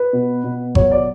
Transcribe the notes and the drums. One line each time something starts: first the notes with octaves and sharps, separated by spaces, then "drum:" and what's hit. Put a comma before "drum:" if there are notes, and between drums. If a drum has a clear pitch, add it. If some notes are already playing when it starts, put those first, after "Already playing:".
Already playing: B4
B2
B2
F#3 C#5, drum: kick G#1
D5